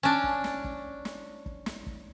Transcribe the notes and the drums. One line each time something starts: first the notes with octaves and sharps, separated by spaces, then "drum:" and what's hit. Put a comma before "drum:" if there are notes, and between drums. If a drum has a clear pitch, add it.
C#4 D4
drum: kick
drum: snare
drum: kick
drum: snare
drum: kick
drum: snare
drum: kick